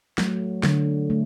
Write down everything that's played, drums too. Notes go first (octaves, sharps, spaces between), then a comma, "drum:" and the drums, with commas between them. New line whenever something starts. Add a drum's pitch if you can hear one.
F#3 A3, drum: snare
D3, drum: snare
A3